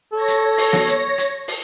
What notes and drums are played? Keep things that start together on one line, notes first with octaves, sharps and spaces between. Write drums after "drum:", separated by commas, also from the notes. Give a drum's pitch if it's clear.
A4 C#5 A#6
drum: hi-hat
drum: open hi-hat
drum: snare
drum: hi-hat
drum: hi-hat
drum: open hi-hat